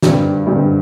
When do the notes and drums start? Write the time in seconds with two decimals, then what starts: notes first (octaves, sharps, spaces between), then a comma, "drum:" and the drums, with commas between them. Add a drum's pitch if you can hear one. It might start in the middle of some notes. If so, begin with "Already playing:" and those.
0.03 G2 D3 G3 C4, drum: snare
0.47 G2 D3 G3 C4